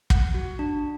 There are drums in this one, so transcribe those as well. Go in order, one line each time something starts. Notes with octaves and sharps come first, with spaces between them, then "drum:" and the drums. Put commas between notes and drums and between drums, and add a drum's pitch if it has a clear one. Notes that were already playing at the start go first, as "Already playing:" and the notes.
F#5, drum: kick
F#4
D4